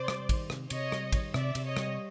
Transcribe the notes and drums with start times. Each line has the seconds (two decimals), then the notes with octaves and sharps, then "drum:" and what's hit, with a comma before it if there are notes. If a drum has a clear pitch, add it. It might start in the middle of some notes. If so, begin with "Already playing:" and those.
Already playing: C3 C5 D5
0.08 G3, drum: rim click
0.29 D#3, drum: kick, cymbal
0.50 C3, drum: rim click
0.70 C3 C#5 D#5, drum: cymbal
0.92 G3, drum: rim click
1.13 D#3, drum: kick, cymbal
1.34 C3 D5 E5, drum: rim click
1.55 C3, drum: cymbal
1.66 C#5 D#5
1.77 G3, drum: rim click